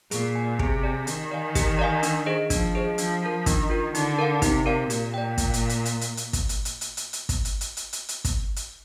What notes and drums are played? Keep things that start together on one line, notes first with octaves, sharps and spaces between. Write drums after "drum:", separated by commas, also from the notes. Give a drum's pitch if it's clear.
A#2 G#4, drum: hi-hat
D5 G#5
C3 G#4, drum: kick
D5 G#5
D#3 G4, drum: hi-hat
D5 F5 G#5
G4, drum: kick, hi-hat
D5 F5 G#5
D4, drum: hi-hat
G#4 C5 D#5
F3 D4, drum: kick, hi-hat
G#4 C5 D#5
F3 D4, drum: hi-hat
F4 A#4
D#3 D4, drum: kick, hi-hat
F4 A#4
D3 D#4, drum: hi-hat
A#4 D5 F5
C3 D#4, drum: kick, hi-hat
A#4 D5 F5
A#2 G4, drum: hi-hat
D5 G5
drum: kick, hi-hat
drum: hi-hat
drum: hi-hat
drum: hi-hat
drum: hi-hat
drum: hi-hat
drum: kick, hi-hat
drum: hi-hat
drum: hi-hat
drum: hi-hat
drum: hi-hat
drum: hi-hat
drum: kick, hi-hat
drum: hi-hat
drum: hi-hat
drum: hi-hat
drum: hi-hat
drum: hi-hat
drum: kick, hi-hat
drum: hi-hat